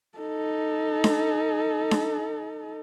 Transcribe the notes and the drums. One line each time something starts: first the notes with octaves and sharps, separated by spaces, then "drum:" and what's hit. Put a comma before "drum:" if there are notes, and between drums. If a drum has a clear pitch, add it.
D#4 A4
drum: snare D4
drum: snare D4